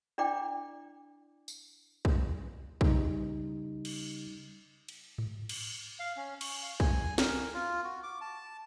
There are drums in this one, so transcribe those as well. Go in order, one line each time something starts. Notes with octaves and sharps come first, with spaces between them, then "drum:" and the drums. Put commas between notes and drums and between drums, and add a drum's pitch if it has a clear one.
D4 E4 D5 G5 D6
drum: tambourine
drum: kick
C#3 G3 D#4, drum: kick
drum: cymbal
drum: cymbal
drum: tom G#2
drum: cymbal
F5
C#4
C#6, drum: cymbal
F5
G#5, drum: kick
A#4, drum: snare
F4
F#4
D6
A5